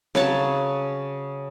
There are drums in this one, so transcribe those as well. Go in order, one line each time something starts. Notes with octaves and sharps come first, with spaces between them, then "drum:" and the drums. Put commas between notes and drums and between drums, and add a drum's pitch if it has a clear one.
C#3 F#3 C#5 A5, drum: snare C4